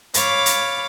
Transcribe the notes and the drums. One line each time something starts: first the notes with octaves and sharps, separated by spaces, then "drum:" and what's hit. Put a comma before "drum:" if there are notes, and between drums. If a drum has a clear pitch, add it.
C#5 F5 B5 D6 A6, drum: hi-hat
drum: hi-hat